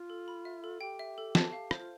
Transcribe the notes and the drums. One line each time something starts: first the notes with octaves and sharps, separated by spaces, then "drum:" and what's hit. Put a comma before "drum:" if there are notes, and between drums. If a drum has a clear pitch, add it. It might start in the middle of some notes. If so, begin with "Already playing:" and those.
Already playing: F4
A4
B5
E5
A4
G4 G5
E5
A4
A5, drum: snare
F5
C5, drum: rim click
F4